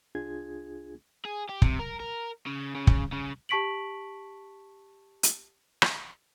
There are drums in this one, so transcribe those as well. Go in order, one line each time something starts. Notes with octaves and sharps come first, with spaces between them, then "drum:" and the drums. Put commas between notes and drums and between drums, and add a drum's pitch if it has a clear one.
C2 D4 F4 G#4 G#6
G#4
G4
C3, drum: kick
A#4
A#4
C#3
C#3
drum: kick
C#3
G4 A5 C#6 B6 D7 F#7
drum: hi-hat
drum: rim click